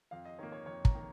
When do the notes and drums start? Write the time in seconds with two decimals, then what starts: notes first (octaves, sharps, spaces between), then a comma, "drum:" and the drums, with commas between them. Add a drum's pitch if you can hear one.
0.11 F2 F5
0.25 D#5
0.39 D#3 A#3 C#5
0.52 C#5
0.66 F2 C#5
0.85 A#5, drum: kick
0.95 D#3 A#3